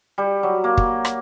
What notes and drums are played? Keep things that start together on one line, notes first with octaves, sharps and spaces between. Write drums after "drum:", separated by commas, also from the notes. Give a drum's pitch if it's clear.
G3
F#3
A#3
drum: kick
drum: rim click